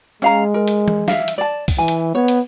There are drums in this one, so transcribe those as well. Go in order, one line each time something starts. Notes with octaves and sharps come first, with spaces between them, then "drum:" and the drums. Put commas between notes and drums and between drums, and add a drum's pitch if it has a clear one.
G#3 C#4 F5 A#5
A#4
drum: hi-hat
drum: tom E3
E5 F5, drum: snare
drum: hi-hat
D5 A5
drum: kick C2, open hi-hat
E3 G#5
drum: hi-hat
B3 C#5
drum: hi-hat